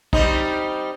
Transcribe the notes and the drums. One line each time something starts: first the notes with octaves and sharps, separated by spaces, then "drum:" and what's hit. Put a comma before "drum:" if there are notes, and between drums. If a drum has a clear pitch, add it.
G3 C4 D#4, drum: kick